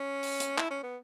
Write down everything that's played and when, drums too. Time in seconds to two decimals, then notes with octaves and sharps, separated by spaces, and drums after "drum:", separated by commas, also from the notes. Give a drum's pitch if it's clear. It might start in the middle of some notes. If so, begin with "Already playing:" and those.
Already playing: C#4
0.23 drum: open hi-hat
0.40 drum: hi-hat
0.58 E4, drum: clap
0.71 C#4
0.83 B3